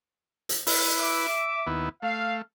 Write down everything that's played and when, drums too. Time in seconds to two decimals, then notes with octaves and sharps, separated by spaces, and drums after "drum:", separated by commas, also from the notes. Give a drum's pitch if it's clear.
0.49 drum: hi-hat
0.67 E4 B4, drum: open hi-hat
1.00 E5 D6
1.67 D#2 B3 E4
2.02 A3 F5